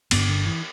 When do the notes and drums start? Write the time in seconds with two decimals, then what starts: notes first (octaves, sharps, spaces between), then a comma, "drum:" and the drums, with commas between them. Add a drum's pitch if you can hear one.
0.11 G1 G2 D3 B3, drum: cymbal
0.29 D3
0.46 E3